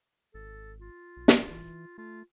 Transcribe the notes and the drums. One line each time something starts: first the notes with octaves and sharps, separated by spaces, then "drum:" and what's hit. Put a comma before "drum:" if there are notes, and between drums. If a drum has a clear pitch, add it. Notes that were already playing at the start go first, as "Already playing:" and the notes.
G#1 A4
F4
B1
drum: snare
E3
A3 F4